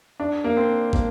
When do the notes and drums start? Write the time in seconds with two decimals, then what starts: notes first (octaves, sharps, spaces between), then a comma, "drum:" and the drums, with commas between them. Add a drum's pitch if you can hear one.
0.20 D4
0.44 A#3
0.57 C4
0.93 A#3, drum: kick